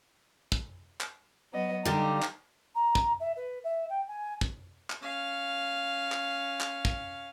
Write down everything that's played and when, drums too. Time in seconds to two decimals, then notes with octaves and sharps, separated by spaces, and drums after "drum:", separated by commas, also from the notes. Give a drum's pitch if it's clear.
0.52 drum: kick
1.01 drum: clap
1.53 F#3 B3 D#5
1.85 D3 G3 D#4 G4 F5 A#5
2.22 drum: clap
2.75 A#5
2.95 drum: kick
3.20 E5
3.36 B4
3.64 E5
3.89 G5
4.07 G#5
4.41 drum: kick
4.90 drum: clap
5.02 C#4 F5
6.12 drum: clap
6.60 drum: clap
6.85 drum: kick